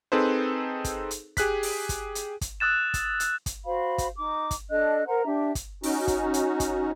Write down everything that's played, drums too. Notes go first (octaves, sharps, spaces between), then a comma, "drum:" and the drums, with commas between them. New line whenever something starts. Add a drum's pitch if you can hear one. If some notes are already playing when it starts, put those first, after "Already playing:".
C4 D#4 G#4 A4 B4 C5
drum: kick, hi-hat
drum: hi-hat
G4 G#4 F#6 B6, drum: kick, hi-hat
drum: open hi-hat
drum: kick, hi-hat
drum: hi-hat
drum: kick, hi-hat
D#6 E6 F#6 A6 E7
drum: kick, hi-hat
drum: hi-hat
drum: kick, hi-hat
F#4 C5 F5 B5
drum: kick, hi-hat
D#4 D6
drum: kick, hi-hat
D4 A4 D#5 F#6
A#4 C5 F#5 A#5
D4 G4 E5
drum: kick, hi-hat
C#4 D#4 F#4, drum: open hi-hat
drum: kick, hi-hat
drum: hi-hat
drum: kick, hi-hat